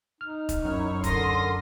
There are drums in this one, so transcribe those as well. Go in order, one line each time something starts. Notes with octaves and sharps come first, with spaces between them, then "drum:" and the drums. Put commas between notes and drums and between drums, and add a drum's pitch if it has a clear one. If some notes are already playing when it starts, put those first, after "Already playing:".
D#4 F6
drum: kick E1, hi-hat
F#2 E4 C#5 F6
D3 A#4 C6 D#6 A#6, drum: kick E1, hi-hat